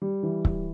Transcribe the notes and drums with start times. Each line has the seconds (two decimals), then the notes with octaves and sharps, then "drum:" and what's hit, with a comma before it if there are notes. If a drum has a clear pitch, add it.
0.02 G3
0.23 E3
0.45 G3, drum: kick C#1